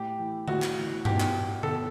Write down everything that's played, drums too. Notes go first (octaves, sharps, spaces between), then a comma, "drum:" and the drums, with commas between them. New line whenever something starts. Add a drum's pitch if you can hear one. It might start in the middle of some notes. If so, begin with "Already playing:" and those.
Already playing: A2 G4
E3
A2 F#4, drum: tom D3
drum: clap
E3
B2 G4, drum: tom G2
drum: clap
B2 A4, drum: tom D3